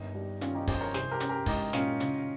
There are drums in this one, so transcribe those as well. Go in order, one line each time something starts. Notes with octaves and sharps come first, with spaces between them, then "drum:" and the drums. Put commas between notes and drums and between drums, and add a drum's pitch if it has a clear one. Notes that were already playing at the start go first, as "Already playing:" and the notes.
Already playing: G1 D#2 D#4
G3
D#3 C#4 F4, drum: hi-hat
D#4 G4
F2 G#4 C5, drum: kick, open hi-hat
A#4 C#5
C2 G#4 C5, drum: snare
G4 A#4
C#4, drum: hi-hat
G4 A#4
G#3 D#4 G4, drum: kick, open hi-hat
A#2 C#4 F4, drum: snare
C#3, drum: hi-hat